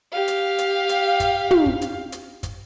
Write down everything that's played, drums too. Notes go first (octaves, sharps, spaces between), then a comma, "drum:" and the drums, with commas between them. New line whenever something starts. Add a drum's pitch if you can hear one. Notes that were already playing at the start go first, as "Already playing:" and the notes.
G4 F5
drum: hi-hat
drum: hi-hat
drum: hi-hat
drum: kick, hi-hat
drum: tom
drum: kick
drum: hi-hat
drum: hi-hat
drum: kick, hi-hat